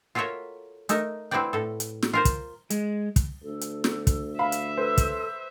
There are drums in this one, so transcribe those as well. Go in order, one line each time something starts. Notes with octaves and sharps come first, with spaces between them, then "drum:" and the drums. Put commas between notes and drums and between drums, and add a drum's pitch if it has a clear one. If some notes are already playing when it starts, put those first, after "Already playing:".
F4 F#4 A4 A#4 C#5 E5
A3 D#4 A4 A#4, drum: hi-hat
C4 E4 F#4 B4 D5 G5
A2 A4
drum: hi-hat
drum: snare
F4 A#4 C5
drum: kick, hi-hat
G#3, drum: hi-hat
drum: kick, hi-hat
D2 A4
drum: hi-hat
drum: snare
drum: kick, hi-hat
E5 F5 B5
drum: hi-hat
A4 B4 C5
drum: kick, hi-hat